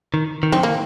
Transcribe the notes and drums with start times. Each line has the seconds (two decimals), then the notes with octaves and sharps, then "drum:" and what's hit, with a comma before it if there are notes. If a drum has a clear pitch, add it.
0.14 D#3
0.43 D#3
0.52 C4, drum: tom F3
0.63 A#3